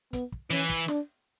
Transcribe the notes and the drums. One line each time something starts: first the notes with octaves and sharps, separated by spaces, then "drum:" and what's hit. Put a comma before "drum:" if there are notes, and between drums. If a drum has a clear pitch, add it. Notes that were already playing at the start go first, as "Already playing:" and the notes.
B3, drum: kick, hi-hat
drum: kick
E3 C#4, drum: open hi-hat
drum: kick
D4, drum: snare